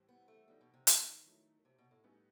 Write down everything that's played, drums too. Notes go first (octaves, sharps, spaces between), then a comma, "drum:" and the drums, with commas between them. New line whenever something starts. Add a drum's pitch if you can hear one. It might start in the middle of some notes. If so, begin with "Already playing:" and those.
Already playing: A2 E3 G3 C4
B3
A3
F#3 G3 B3 D#4
B2
C3
D#3, drum: hi-hat
F#3 A3 E4
C3
B2
A2
F#2 A2 G3 B3 D#4